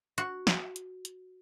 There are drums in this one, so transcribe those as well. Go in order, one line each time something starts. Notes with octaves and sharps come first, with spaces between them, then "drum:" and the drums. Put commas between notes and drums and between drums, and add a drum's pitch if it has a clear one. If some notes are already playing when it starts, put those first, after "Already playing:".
F#4, drum: hi-hat
drum: snare
drum: hi-hat
drum: hi-hat